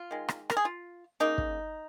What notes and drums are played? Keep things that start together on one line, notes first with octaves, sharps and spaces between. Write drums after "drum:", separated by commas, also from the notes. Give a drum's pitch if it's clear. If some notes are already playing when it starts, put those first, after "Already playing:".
Already playing: F4
D#3 G#3
drum: rim click
A#4, drum: rim click
G#4
F4
C#3 A#3 D#4
drum: kick